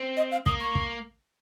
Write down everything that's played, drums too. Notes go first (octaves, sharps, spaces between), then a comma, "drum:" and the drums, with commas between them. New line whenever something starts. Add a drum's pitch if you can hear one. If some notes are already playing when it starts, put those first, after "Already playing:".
Already playing: C4
D#5
F5
A#3 D#6, drum: kick
C#6
drum: kick